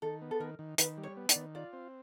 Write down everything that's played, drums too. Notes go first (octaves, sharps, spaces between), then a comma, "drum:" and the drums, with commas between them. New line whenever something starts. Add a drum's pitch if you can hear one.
D#3 A4
B3
A4
D#3 A#4
D#3
D#3 B4, drum: hi-hat
G3
C#5
B3
D5, drum: hi-hat
D#3
F4 D5
C4